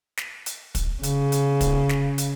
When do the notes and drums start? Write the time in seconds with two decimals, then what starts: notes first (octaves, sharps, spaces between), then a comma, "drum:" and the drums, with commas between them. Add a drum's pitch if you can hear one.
0.17 drum: snare
0.46 drum: hi-hat
0.75 drum: kick, hi-hat
1.03 C#3, drum: hi-hat
1.32 drum: hi-hat
1.61 drum: kick, hi-hat
1.89 drum: snare
2.18 drum: hi-hat